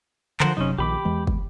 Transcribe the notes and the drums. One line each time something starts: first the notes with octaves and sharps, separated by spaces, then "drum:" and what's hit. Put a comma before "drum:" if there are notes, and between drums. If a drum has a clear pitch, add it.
D3 F3 A#4 C5 F#5, drum: clap
F#1 C3 F#3 C#4 D#4
A#1 A#2 D#3 G4 B5 D6
E2 E3 G#3
drum: kick